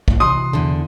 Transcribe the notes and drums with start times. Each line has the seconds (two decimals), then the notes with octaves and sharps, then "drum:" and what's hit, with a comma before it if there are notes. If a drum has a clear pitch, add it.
0.08 drum: kick
0.20 C3 E3 F#4 C6 D#6
0.53 E2 D3